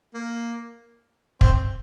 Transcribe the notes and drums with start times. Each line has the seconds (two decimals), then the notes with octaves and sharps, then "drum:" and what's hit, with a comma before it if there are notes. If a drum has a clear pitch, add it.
0.14 A#3
1.41 C4, drum: kick